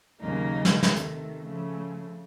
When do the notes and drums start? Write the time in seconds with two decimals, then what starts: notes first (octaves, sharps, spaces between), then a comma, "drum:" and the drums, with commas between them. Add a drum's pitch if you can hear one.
0.21 D#2 C#3 F#3 A#3 D#4
0.65 drum: snare
0.83 C3 D#3 A3, drum: snare
0.96 drum: hi-hat
1.44 C#3 F3 A3